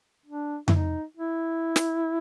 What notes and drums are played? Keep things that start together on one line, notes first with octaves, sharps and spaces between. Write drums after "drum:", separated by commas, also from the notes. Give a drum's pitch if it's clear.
D4
E4, drum: tom F2
D#4
E4
drum: snare